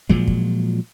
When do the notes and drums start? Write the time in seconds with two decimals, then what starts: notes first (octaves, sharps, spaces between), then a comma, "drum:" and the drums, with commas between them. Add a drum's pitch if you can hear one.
0.09 A#2 F3 F#3 G#3, drum: kick
0.27 drum: kick